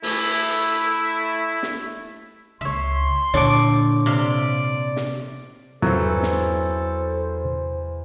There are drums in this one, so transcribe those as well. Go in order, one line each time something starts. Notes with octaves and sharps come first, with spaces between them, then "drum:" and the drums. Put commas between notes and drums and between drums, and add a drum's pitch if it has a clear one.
A3 E4, drum: open hi-hat
drum: snare
C#2 C#5 E5 C6
A#2 D3 E3 A4 C#5 D5 D6
C3 D5 F5 C6
drum: snare
E2 F#3 C4 A4 C5, drum: tom
drum: snare